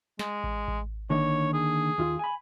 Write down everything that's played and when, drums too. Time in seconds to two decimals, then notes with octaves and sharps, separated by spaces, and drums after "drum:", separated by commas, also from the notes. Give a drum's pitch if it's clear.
0.19 G#3, drum: snare
0.44 drum: kick A1
0.68 drum: kick A1
1.10 D3 D#3 A#3 C#5
1.54 G#4
1.98 D#2 F4
2.19 G#5 B5